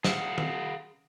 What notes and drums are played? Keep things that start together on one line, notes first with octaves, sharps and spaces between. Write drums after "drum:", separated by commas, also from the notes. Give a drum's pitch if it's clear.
G#4 F5 F#5, drum: snare
drum: tom D#3